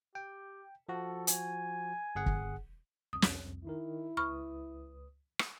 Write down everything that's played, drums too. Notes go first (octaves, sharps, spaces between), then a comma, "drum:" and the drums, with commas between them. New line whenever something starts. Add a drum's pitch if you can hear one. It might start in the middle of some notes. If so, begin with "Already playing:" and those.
G4 G5
F3 F#4 A4
G#5, drum: hi-hat
G1 G#4 F#5
drum: kick
C2 F2 D#6
drum: snare
D#3 D#4 E4 A#4
C#2 B4 B5 C#6 D#6 F6
drum: rim click